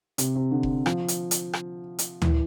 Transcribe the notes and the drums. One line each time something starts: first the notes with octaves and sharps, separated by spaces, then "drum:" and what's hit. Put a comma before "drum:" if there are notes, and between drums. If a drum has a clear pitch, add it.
C3, drum: hi-hat
C3
D3
drum: kick F1
F3, drum: rim click
drum: hi-hat
drum: hi-hat
drum: rim click
drum: hi-hat
E3, drum: tom D2